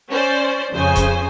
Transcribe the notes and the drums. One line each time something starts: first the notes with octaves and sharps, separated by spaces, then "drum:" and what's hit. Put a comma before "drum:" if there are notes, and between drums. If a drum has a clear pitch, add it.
C#4 C5 D5
F2 C#3 C5 G#5
drum: kick C#1, hi-hat